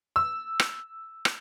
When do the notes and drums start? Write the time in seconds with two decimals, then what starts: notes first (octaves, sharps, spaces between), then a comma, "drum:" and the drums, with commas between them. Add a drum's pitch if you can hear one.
0.16 E6
0.60 drum: rim click
1.25 drum: rim click